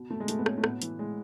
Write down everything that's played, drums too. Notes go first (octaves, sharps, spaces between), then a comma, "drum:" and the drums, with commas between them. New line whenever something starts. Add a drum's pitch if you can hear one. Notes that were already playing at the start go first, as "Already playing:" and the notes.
Already playing: B2
B2 A3
G#3
B2 A3, drum: hi-hat
B3
B2 C#4, drum: rim click
A3
A2 B3, drum: rim click
E3, drum: hi-hat
A2 G#3